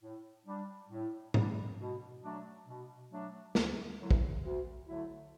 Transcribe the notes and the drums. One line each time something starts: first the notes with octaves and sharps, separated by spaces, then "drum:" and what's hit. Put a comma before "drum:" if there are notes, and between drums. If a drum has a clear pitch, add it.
A2
G3 D4
A2
G3 D4, drum: tom G#2
B2
F#3 A3 D4
B2
F#3 A3 D4
D2, drum: snare
D3 F#3 A3 E4
drum: kick
D2
D3 F#3 A3 E4